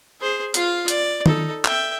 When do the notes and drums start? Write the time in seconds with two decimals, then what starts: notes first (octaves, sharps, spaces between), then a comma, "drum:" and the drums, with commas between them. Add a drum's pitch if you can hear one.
0.21 G#4 C5
0.54 F4 F5, drum: hi-hat
0.88 D5, drum: hi-hat
1.26 D#4 A4, drum: tom D#3
1.65 E5 G5, drum: clap